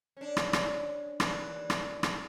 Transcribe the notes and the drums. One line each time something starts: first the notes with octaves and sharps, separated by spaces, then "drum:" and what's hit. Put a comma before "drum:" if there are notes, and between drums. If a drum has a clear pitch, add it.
C#4 D4
drum: rim click
drum: rim click
D#2 E3 D4, drum: rim click
drum: rim click
drum: rim click